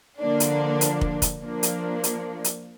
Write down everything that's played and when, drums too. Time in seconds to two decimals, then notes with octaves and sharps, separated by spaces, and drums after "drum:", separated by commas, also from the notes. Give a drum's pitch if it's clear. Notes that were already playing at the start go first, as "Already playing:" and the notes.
0.19 D3 F3 A#3 D4
0.40 drum: hi-hat
0.81 drum: hi-hat
1.01 drum: kick
1.22 drum: kick, hi-hat
1.42 F3 A#3 D4
1.63 drum: hi-hat
2.04 drum: hi-hat
2.44 drum: hi-hat